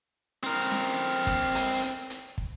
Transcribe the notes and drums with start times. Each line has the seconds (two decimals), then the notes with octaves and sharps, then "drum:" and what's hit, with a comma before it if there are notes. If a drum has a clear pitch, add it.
0.44 C4 A#4
0.71 drum: snare C#4
1.27 drum: kick, hi-hat
1.54 drum: open hi-hat
1.82 drum: hi-hat
2.10 drum: hi-hat
2.38 drum: kick